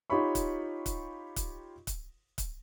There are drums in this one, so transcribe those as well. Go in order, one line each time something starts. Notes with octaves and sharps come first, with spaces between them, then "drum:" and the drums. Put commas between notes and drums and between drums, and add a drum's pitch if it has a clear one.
D#4 F4 G4 C#5 B5 C#6
drum: kick, hi-hat
drum: kick, hi-hat
drum: kick, hi-hat
drum: kick, hi-hat
drum: kick, hi-hat